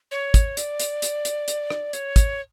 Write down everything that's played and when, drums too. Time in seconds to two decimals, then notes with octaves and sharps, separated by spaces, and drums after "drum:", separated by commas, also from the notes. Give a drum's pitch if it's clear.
0.11 C#5
0.34 drum: kick, hi-hat
0.57 D5, drum: hi-hat
0.80 drum: hi-hat
1.02 drum: hi-hat
1.25 drum: hi-hat
1.48 drum: hi-hat
1.70 drum: rim click
1.93 C#5, drum: hi-hat
2.16 drum: kick, hi-hat